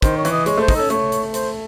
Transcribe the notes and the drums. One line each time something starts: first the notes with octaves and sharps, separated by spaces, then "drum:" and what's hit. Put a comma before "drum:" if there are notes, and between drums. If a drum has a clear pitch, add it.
D#3 C5, drum: kick, hi-hat
C#5
E3, drum: hi-hat
D#5
G#3 C#5, drum: hi-hat
A3 C5
D#4, drum: kick, open hi-hat
C#4 A4
A3 C#5, drum: hi-hat
drum: hi-hat
C5, drum: hi-hat